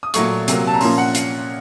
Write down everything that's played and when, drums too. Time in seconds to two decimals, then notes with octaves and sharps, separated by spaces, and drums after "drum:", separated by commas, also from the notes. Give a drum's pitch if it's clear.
0.03 D#6
0.14 A#2 F#3 A3 C#6, drum: hi-hat
0.48 C3 F#3 A#3, drum: hi-hat
0.67 A5
0.74 A#5
0.81 A#2 F3 A#3 C#4 C6, drum: open hi-hat
0.98 F#5
1.15 drum: hi-hat